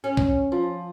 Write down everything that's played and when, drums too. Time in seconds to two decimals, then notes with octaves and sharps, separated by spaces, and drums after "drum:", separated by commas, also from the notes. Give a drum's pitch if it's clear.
0.04 C#4
0.17 drum: kick B1
0.52 F3